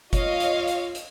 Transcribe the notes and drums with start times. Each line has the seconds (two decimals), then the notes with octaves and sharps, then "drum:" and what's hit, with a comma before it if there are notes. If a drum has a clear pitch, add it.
0.13 F4 C#5 D#5 F5, drum: kick F#1, hi-hat
0.40 drum: hi-hat
0.68 drum: hi-hat
0.95 drum: hi-hat